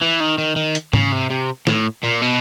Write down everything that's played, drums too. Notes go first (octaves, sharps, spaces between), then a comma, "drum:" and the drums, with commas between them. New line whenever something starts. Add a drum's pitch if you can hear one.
E3
D#3
D#3
D#3
drum: hi-hat
C#3, drum: tom G#2
C3
C3
A2, drum: snare
A#2
B2